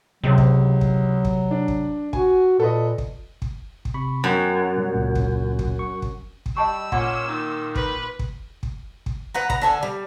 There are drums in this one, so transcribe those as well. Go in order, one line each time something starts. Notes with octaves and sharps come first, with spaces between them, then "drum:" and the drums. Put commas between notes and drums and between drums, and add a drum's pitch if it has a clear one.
C#2 C3 F#3
drum: kick
drum: kick
drum: kick
D4
drum: kick
F#4 G#5, drum: kick
A#2 A4 B4 D#5
drum: kick
drum: kick
drum: kick
C3 B5 C#6
F#2 B3 G5
F#5 A#5
B2 G3
C#2 A#2
drum: kick
drum: kick
C#6
drum: kick
drum: kick
G3 D#5 A5 C#6 E6
A#2 C#4 F#5, drum: kick
D#3
B4, drum: kick
drum: kick
drum: kick
drum: kick
B4 F#5 A#5
A#5, drum: kick
D3 A4 G#5
G3